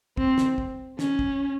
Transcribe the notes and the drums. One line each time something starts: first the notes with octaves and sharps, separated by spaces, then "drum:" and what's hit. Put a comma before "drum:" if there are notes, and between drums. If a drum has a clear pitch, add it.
C4, drum: kick
drum: snare
drum: kick
C#4, drum: snare
drum: kick